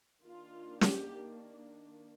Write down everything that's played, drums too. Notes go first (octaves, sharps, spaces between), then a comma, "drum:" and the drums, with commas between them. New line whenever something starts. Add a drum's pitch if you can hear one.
D#3 A#3 D4 F4
G4, drum: snare